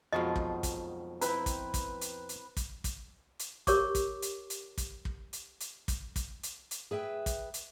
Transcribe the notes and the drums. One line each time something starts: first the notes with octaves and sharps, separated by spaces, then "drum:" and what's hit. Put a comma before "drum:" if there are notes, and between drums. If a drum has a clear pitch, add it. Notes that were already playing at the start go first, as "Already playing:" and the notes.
F2 B2 D#3 F3 F#3 G#3 D#5
drum: kick
drum: kick, hi-hat
C4 E4 B4 G5, drum: hi-hat
drum: kick, hi-hat
drum: kick, hi-hat
drum: hi-hat
drum: hi-hat
drum: kick, hi-hat
drum: kick, hi-hat
drum: hi-hat
G4 A#4 C#5 C#6 D6, drum: kick, hi-hat
drum: kick, hi-hat
drum: hi-hat
drum: hi-hat
drum: kick, hi-hat
drum: kick
drum: hi-hat
drum: hi-hat
drum: kick, hi-hat
drum: kick, hi-hat
drum: hi-hat
drum: hi-hat
G#4 B4 E5 G5
drum: kick, hi-hat
drum: hi-hat